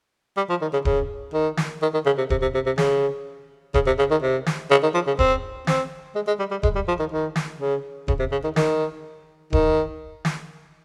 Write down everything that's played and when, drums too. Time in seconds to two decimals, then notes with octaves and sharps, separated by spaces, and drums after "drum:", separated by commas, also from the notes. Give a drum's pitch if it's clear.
0.37 G3
0.50 F3
0.61 D#3
0.73 C#3
0.85 C#3, drum: kick D1
1.33 D#3
1.57 drum: snare
1.82 D#3
1.93 D#3
2.06 C#3
2.18 C3
2.30 C3, drum: kick D1
2.42 C3
2.54 C3
2.66 C3
2.78 C#3, drum: snare
3.74 C#3, drum: kick D1
3.86 C3
3.99 C#3
4.11 D#3
4.22 C3
4.46 drum: snare
4.71 C#3
4.83 D#3
4.94 F3
5.07 C#3
5.19 C4, drum: kick D1
5.67 C4, drum: snare
6.15 G#3
6.27 G#3
6.39 G3
6.51 G3
6.63 G#3, drum: kick D1
6.75 G3
6.88 F3
6.99 D#3
7.12 D#3
7.36 drum: snare
7.60 C#3
8.08 C#3, drum: kick D1
8.19 C3
8.32 C#3
8.44 D#3
8.56 D#3, drum: snare
9.53 D#3, drum: kick D1
10.25 drum: snare